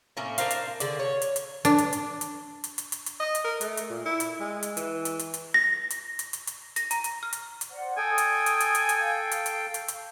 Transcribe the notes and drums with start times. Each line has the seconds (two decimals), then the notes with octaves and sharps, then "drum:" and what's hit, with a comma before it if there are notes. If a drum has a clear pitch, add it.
0.17 A2 A#3 C#4
0.38 D4 A#4 C5 F5, drum: hi-hat
0.51 drum: hi-hat
0.80 D3 G#4 D5, drum: hi-hat
0.99 C#5
1.22 drum: hi-hat
1.36 drum: hi-hat
1.65 D4, drum: hi-hat
1.78 drum: hi-hat
1.93 drum: hi-hat
2.21 drum: hi-hat
2.64 drum: hi-hat
2.78 drum: hi-hat
2.92 drum: hi-hat
3.06 drum: hi-hat
3.20 D#5
3.35 drum: hi-hat
3.45 A#4
3.61 A3, drum: hi-hat
3.77 drum: hi-hat
3.90 A#2
4.06 E4
4.20 drum: hi-hat
4.40 G#3
4.63 drum: hi-hat
4.77 E3, drum: hi-hat
5.05 drum: hi-hat
5.19 drum: hi-hat
5.34 drum: hi-hat
5.54 A#6
5.90 drum: hi-hat
6.19 drum: hi-hat
6.33 drum: hi-hat
6.47 drum: hi-hat
6.76 A#6, drum: hi-hat
6.91 A#5, drum: hi-hat
7.04 drum: hi-hat
7.23 F6
7.33 drum: hi-hat
7.61 drum: hi-hat
7.71 C5 D5 F#5
7.97 A4 G5 G#5 D#6
8.18 drum: hi-hat
8.46 drum: hi-hat
8.60 drum: hi-hat
8.75 drum: hi-hat
8.89 drum: hi-hat
9.00 F5
9.32 drum: hi-hat
9.46 drum: hi-hat
9.74 drum: hi-hat
9.88 drum: hi-hat